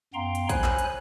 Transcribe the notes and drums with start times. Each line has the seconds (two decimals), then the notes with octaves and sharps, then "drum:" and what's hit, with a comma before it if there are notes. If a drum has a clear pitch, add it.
0.14 F#2 B3 F5 G5 A#5 C6
0.35 drum: hi-hat
0.49 C5 C#5 G#5 B5 F#6, drum: kick, hi-hat
0.64 drum: clap
0.79 drum: hi-hat